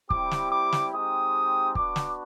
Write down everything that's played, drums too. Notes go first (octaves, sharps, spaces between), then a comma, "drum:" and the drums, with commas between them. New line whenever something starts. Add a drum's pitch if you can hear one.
G3 C4 E4 G4 D6, drum: kick
drum: snare
D6
drum: snare
G#3 C4 D#4 G4 D#6
B3 D4 F#4 D6, drum: kick
drum: snare